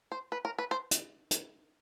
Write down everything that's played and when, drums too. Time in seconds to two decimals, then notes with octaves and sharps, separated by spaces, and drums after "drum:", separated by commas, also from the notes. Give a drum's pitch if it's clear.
0.12 C5
0.32 B4
0.45 A#4
0.59 B4
0.71 C5
0.91 drum: hi-hat
1.31 drum: hi-hat